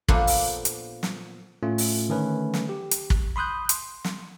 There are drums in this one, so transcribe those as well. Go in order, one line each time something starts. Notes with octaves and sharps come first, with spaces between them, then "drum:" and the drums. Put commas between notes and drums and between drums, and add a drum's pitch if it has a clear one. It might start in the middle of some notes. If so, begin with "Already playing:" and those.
A#2 F3 A#3 B3 D4 A4, drum: kick
drum: open hi-hat
drum: hi-hat
drum: snare
A2 A3 C#4 F4
drum: open hi-hat
D3 D#3 A3 C#4 B4
drum: snare
G4
drum: hi-hat
drum: kick
B5 C6 D#6 F#6 G6
C6, drum: hi-hat
drum: snare